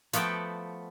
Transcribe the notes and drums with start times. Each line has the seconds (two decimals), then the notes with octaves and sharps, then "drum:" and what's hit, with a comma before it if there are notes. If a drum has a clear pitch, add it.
0.13 F3 A3 B3 F#4 G5 A5, drum: hi-hat